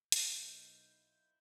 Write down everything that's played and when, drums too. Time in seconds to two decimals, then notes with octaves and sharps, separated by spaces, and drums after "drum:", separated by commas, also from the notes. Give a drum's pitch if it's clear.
0.12 B1 E4 A#4 C5 D#5 F5 G6, drum: hi-hat